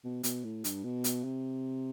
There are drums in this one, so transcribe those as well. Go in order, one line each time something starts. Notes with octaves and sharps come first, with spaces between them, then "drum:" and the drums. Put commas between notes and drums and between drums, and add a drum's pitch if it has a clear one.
B2
B2, drum: hi-hat
A2
G2, drum: hi-hat
B2
drum: hi-hat
C3